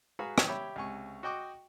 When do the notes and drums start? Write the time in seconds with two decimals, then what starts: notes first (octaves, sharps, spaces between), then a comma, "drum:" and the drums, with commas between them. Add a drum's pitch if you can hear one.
0.19 F#4 G#4 B4 F5 A#5 B5
0.38 drum: rim click
0.47 G4 C#5 E5 G5 B5
0.76 C#2 C3 G#5 C#6
1.23 F#4 D#5 G5 C#6 D6